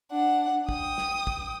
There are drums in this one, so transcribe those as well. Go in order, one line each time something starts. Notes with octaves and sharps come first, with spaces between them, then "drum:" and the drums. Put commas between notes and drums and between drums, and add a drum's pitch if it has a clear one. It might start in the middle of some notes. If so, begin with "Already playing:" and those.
D4 F#5
G5 D#6, drum: kick
drum: snare
drum: kick